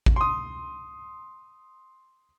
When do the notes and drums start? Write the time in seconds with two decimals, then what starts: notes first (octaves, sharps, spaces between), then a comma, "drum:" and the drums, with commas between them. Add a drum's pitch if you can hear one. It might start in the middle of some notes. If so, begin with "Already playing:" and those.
0.06 drum: kick A1
0.16 C6 D#6